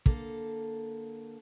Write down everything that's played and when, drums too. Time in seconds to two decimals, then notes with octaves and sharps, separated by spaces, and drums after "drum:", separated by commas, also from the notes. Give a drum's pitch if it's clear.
0.06 D3 A#3 A4, drum: kick